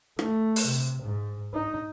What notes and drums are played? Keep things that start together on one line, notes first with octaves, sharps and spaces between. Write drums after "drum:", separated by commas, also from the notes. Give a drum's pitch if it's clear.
A3, drum: rim click
drum: open hi-hat
C3
G#2
D#4